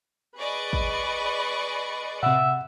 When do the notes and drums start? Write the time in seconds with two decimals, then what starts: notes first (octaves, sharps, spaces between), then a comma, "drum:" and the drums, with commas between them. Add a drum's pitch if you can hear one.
0.38 G#4 B4 D5 D#5 B5 C#6
0.73 drum: kick
2.23 C3 E5 F#5, drum: tom A2